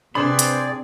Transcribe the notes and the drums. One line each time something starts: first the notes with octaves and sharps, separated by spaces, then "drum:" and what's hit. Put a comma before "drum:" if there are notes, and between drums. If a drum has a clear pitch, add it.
C3 C4 D4 G#4 B4 C5 D5 B5
drum: hi-hat